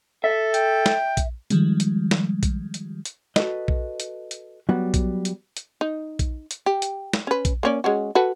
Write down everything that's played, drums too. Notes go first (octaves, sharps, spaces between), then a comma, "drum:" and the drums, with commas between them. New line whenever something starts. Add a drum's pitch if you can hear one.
A4 E5
G5, drum: hi-hat
drum: snare
drum: kick A#1, hi-hat
D#3 F3 G3 G#3, drum: hi-hat
drum: hi-hat
drum: snare
drum: kick A#1, hi-hat
drum: hi-hat
drum: hi-hat
F#4 A4 B4 D#5, drum: snare
drum: kick A#1
drum: hi-hat
drum: hi-hat
F#3 G3 B3 F#4
drum: kick A#1, hi-hat
drum: hi-hat
drum: hi-hat
D#4
drum: kick A#1, hi-hat
drum: hi-hat
G4
drum: hi-hat
drum: snare
C#4 B4
drum: kick A#1, hi-hat
A#3 C#4 D5
G#3 C#4 F#4
F#4 A4 B4